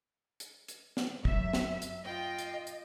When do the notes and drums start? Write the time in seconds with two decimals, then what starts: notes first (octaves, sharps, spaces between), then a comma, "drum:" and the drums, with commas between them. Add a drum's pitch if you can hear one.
0.40 drum: hi-hat
0.68 drum: hi-hat
0.97 drum: snare
1.25 F#2 E5, drum: kick
1.53 drum: snare
1.82 drum: hi-hat
2.04 F4 D#5 G5
2.38 drum: hi-hat
2.67 drum: hi-hat